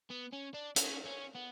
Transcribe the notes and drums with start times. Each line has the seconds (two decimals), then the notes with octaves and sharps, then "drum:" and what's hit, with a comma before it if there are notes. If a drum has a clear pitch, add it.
0.10 B3
0.32 C#4
0.54 D4
0.76 C#4, drum: hi-hat
1.05 C#4
1.35 B3